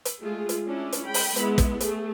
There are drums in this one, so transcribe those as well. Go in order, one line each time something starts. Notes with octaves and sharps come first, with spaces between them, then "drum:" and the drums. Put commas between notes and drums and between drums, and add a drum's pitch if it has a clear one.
drum: hi-hat
G#3 A3 F4 G#4
drum: hi-hat
C#4 D4 E4
drum: hi-hat
G#3 G5 B5
drum: open hi-hat
G#3 B3 E4, drum: hi-hat
drum: kick, hi-hat
A3 G#4, drum: hi-hat